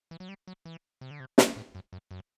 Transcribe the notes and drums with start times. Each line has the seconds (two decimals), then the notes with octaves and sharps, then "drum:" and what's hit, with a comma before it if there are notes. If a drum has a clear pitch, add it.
0.11 E3
0.20 F#3
0.29 G3
0.48 F#3
0.65 E3
1.01 C3
1.11 D3
1.20 C3
1.38 B2, drum: snare
1.56 A2
1.75 F#2
1.93 F#2
2.11 F#2